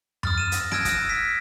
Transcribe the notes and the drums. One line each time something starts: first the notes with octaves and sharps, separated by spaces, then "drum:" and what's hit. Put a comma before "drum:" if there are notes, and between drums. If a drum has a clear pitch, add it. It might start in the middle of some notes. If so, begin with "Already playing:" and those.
D#6 F6 A6, drum: tom F#2
D#7 E7
E6 A#6 D#7, drum: hi-hat
E6 F#6 G#6 A#6 D7, drum: rim click
D#6 E6, drum: kick, hi-hat
B6